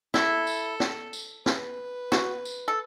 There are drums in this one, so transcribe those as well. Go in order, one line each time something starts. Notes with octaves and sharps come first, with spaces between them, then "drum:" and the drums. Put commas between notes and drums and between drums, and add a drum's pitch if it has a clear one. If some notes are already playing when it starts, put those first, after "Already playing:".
E4 A4, drum: snare
drum: tambourine
drum: snare
drum: tambourine
B4, drum: snare
F#4, drum: snare
drum: tambourine
A4